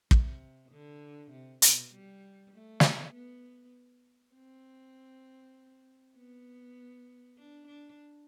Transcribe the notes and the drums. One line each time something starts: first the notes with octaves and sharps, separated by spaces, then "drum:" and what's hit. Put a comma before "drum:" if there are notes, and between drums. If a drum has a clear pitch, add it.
C3, drum: kick
D3
C3
B2, drum: hi-hat
G3
A3
drum: snare
B3
C4
B3
D4
D4